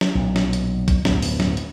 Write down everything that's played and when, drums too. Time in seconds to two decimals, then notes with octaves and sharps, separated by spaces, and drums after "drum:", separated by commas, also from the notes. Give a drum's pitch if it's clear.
0.01 drum: snare
0.15 B1 A#2
0.36 drum: snare
0.53 drum: hi-hat
0.88 drum: kick B1, hi-hat
1.05 D1 E2 G2 B3, drum: snare
1.22 drum: open hi-hat
1.40 drum: snare
1.57 drum: hi-hat